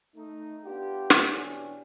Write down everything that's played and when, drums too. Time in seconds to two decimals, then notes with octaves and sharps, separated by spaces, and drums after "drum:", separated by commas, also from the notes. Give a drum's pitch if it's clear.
0.16 A3 D#4
0.64 B3 D4 F4 G4
1.10 drum: snare
1.28 B2 E3 C#4 D4 F#4 G4